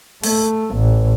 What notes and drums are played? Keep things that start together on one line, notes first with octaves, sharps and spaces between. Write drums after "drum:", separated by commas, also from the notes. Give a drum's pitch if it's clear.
A3, drum: open hi-hat
A1